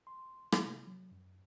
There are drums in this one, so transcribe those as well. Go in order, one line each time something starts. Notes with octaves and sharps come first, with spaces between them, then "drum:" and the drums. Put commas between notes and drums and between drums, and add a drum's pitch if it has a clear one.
C6
drum: rim click
C3
F#3
F#2